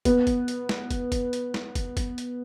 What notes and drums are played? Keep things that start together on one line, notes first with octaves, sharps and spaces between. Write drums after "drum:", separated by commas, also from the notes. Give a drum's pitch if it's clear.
B3, drum: kick, hi-hat
drum: kick, hi-hat
drum: hi-hat
drum: snare
drum: kick, hi-hat
drum: kick, hi-hat
drum: hi-hat
drum: snare
drum: kick, hi-hat
drum: kick, hi-hat
drum: hi-hat